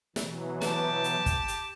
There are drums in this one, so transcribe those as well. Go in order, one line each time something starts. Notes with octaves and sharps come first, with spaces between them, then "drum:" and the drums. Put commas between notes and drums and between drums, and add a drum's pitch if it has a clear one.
B2 E3 F#3, drum: snare
G4 A5, drum: snare
drum: hi-hat
drum: kick, hi-hat
drum: hi-hat